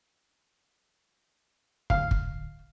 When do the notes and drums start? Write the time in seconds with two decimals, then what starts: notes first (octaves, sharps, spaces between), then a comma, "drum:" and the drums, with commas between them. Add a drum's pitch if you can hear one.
1.90 D1 F5, drum: kick
2.11 drum: kick